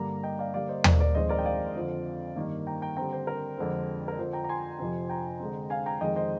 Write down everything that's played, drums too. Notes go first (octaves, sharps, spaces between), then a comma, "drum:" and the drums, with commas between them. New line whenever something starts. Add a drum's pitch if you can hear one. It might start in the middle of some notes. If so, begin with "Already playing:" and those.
Already playing: G2 D3 G3 A#3 A#5
D#5 G5
D5 F5
D3 G3 A#3 D5 F5
C5 D#5
A#4 D5, drum: tom D#2
A#4 D5
F2 D#3 G#3 C4 C5 D#5
A#4 D5
G5
D5 F5
F2 D3 F3 C4
G2 D#3 A#3
G5 A#5
G5 A#5
D3 G3 C4 G5 A#5
C5
A#4
F2 D3 G#3 C4
A#4
F2 D3 F3 C5
G5 A#5
A#5
G#5 C6
F2 C3 F3 C4
G5 A#5
D3 G#3 C4
F5 G#5
G5 A#5
F2 D#3 G#3 D#5 G5
C5 D#5